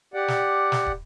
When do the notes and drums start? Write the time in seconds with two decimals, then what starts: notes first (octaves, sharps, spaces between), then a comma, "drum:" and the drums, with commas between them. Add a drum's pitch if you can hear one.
0.14 G4 D5 F#5
0.28 drum: snare
0.72 drum: snare
0.86 drum: kick